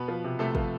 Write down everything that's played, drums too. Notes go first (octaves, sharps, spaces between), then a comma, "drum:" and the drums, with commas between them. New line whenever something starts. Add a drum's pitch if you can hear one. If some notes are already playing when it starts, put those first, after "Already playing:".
Already playing: B2 B3 B4
F3
C3
C3 A3 A4
F3, drum: kick